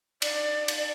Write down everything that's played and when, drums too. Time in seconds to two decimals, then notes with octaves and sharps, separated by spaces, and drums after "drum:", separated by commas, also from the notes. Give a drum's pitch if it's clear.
0.22 D5, drum: cymbal
0.68 drum: cymbal